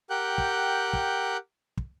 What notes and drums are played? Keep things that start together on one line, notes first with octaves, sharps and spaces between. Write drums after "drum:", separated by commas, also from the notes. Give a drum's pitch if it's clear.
G4 A#4 F#5 G5 F#6 G6
drum: kick
drum: kick
drum: kick